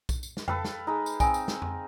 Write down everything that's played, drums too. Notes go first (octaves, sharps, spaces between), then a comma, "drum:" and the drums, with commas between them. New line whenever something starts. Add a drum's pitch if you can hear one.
drum: kick B1, tambourine
drum: tambourine
drum: snare
A4 B4 F5 G5 E6, drum: tom F2
drum: snare
G#3 D#4
drum: tambourine
C4 D#5 G#5, drum: kick B1, tambourine
drum: tambourine
drum: snare
drum: tom F2